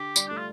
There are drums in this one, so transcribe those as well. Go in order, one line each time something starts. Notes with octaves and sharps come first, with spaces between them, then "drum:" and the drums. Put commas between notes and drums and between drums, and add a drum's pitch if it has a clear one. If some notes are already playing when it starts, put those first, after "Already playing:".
Already playing: D3 G4
G3, drum: tambourine
A3 D4
F4